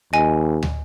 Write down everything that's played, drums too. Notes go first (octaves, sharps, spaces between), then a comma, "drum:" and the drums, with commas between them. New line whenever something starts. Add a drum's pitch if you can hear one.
D#2 D#5 G#5
drum: tom